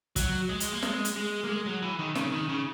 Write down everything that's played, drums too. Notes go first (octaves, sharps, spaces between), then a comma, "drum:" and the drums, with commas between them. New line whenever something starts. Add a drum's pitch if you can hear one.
F#3, drum: kick, hi-hat
G#3
drum: hi-hat
A#3
G#3, drum: snare
drum: hi-hat
G#3
A#3
G#3
F#3
E3
D#3
C#3, drum: snare
D#3
C#3